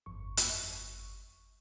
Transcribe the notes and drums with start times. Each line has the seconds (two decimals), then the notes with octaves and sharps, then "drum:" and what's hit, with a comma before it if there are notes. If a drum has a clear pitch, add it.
0.06 G1 F2 C#6
0.37 drum: hi-hat